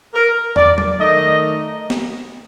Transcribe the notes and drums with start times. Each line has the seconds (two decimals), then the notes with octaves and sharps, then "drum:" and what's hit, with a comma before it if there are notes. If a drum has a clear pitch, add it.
0.14 A#4
0.56 D5, drum: tom
0.78 drum: tom F#3
0.98 D#3 A3 D#4 D#5
1.90 drum: snare B3